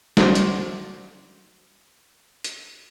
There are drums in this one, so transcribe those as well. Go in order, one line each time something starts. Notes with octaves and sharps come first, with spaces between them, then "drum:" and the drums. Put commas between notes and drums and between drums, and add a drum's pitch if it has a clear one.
F#4 C5 D5 C6, drum: snare
drum: hi-hat
drum: hi-hat